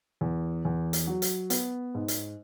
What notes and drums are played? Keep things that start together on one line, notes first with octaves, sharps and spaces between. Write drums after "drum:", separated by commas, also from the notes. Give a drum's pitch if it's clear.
E2
E2
drum: hi-hat
F#3
drum: hi-hat
B3, drum: hi-hat
G#2
drum: hi-hat